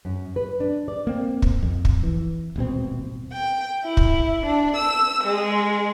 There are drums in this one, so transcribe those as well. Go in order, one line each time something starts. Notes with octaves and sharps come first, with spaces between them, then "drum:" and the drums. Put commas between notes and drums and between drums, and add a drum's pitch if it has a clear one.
F#2
B4
D4
D5
A#3 C4
drum: kick
F2
drum: kick
E3
D#1 G#1 B2 C4
G5
E4
drum: kick
D4
E6
G#3